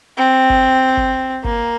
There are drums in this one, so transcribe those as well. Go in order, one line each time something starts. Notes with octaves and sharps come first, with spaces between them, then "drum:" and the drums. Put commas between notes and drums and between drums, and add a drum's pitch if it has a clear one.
C4
drum: kick G1
drum: kick G1
A#3, drum: kick G1